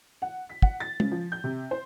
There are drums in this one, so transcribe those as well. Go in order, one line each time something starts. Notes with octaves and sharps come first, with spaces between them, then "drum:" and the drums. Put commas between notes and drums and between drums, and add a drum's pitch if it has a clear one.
F#5
B6
F#5, drum: kick
A6
C#3, drum: tom G#3
F3
G6
C3
C5